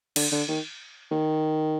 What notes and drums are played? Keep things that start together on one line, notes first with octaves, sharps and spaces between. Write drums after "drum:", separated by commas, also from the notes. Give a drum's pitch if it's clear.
D3, drum: cymbal
D3
D#3
D#3